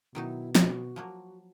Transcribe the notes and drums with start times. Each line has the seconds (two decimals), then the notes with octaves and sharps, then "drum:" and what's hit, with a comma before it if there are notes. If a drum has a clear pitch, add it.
0.15 B2 D#3 F#3 D#4 E4
0.55 F#4, drum: snare
0.96 F3 F#3 A#3